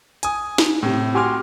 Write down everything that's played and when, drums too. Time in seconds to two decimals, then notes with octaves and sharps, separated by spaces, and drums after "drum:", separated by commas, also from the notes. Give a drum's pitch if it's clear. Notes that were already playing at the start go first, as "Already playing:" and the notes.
0.23 G#5 D#6, drum: hi-hat
0.58 drum: snare
0.83 A2 C3
1.14 F#4 G4 G#5 C6 D6 F6